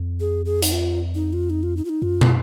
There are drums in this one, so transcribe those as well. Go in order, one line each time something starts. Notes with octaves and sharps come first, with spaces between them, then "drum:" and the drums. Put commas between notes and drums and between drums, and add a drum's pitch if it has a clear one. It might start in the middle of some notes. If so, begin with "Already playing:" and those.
Already playing: F2
G#4
G#4
D#4, drum: hi-hat
F4
D#4
F4
D#4
F4
D#4
F4
D#4
F#2 F4
drum: tom